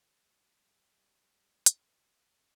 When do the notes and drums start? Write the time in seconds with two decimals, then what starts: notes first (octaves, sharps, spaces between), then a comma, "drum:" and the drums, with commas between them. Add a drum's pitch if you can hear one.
0.23 F#3
0.59 G3
0.96 G3
1.33 G3
1.66 drum: hi-hat